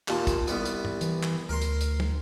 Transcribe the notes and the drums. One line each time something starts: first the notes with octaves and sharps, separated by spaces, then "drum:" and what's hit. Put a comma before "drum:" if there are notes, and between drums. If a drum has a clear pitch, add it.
D#2 A#2 A5, drum: clap
drum: kick, hi-hat
C2 G3 B3, drum: hi-hat
drum: hi-hat
drum: tom
E3, drum: hi-hat
drum: clap
D2 A#4 C6
drum: hi-hat
drum: hi-hat
drum: tom